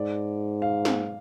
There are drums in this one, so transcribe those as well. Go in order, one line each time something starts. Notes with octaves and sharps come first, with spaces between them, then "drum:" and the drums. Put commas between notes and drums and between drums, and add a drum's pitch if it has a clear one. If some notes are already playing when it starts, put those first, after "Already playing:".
Already playing: G#2 D5
F5
drum: snare